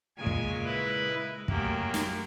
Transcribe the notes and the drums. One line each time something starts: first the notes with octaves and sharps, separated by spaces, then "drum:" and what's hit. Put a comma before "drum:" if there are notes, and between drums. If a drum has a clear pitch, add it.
A#2 C#3 G#3 G#5
drum: kick
E4 B4
G#3
F#2 A3 A#3 G4, drum: kick
drum: snare